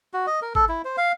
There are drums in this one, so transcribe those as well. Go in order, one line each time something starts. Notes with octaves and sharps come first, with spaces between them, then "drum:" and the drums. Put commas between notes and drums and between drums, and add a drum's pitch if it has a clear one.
F#4
D#5
A#4
A4, drum: kick G#1
E4
C5
F5